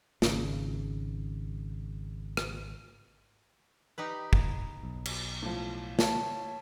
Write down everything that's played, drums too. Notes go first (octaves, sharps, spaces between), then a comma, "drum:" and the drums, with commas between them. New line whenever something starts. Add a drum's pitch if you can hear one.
G#1 C#3, drum: snare
drum: rim click
D#4 G4 B4
drum: kick
B1
drum: cymbal
A2 F3
C#5 A5, drum: snare